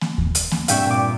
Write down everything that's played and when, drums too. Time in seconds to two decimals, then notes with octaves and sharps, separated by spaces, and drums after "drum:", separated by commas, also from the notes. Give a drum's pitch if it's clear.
0.01 drum: snare A#3
0.18 drum: kick D#2
0.35 drum: hi-hat
0.52 drum: snare A#3
0.68 G2 C3 D4 E5 F5 G5 C#6, drum: hi-hat
0.86 A#2 G5 D6